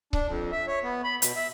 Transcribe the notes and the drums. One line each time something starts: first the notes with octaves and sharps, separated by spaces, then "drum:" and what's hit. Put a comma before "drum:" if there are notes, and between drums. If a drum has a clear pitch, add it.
D4, drum: kick C#1
F2
E5
C#5
B3
B5
B2, drum: hi-hat
E5